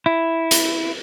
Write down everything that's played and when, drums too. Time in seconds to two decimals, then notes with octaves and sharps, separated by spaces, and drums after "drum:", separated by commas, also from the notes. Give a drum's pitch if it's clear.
0.06 E4
0.51 drum: hi-hat